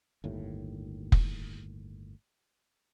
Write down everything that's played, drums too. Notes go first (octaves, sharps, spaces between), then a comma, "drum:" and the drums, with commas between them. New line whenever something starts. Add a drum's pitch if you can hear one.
G1 D#2 A2
drum: kick F1